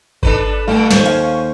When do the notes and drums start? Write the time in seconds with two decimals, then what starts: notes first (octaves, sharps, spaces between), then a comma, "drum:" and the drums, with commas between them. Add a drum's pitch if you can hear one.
0.23 D4 A4 B4, drum: kick G#1
0.68 A#2 D3 G3 A3 F5
0.91 D#2 C#4 C5 C#5, drum: snare
1.06 F5, drum: cymbal